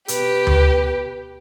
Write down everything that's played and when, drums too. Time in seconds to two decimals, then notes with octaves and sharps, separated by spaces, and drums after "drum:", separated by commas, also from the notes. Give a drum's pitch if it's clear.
0.08 B2 G4 B4, drum: hi-hat
0.47 B2, drum: tom D2